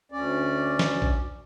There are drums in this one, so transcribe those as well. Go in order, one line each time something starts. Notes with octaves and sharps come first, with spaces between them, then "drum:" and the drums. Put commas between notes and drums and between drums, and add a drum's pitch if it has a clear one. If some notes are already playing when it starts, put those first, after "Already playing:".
D2 C#4 D5
drum: snare
drum: kick A#1